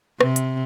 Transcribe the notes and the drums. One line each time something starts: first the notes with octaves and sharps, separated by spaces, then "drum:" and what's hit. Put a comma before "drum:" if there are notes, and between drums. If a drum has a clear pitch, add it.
C3, drum: rim click
drum: hi-hat